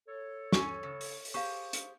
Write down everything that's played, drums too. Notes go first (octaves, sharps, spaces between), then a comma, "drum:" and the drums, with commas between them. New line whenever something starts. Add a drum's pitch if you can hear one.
A4 C#5
C#4 G#5 C#6, drum: snare
C#3
drum: open hi-hat
drum: open hi-hat
G4 G#4 C5 F5 C#6
drum: hi-hat